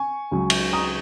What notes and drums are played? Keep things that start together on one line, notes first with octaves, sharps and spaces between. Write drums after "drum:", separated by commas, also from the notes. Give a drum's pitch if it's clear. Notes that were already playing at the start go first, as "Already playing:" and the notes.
Already playing: G#5 C#6
C#2 C#3 F#3
drum: cymbal
A#5 D#6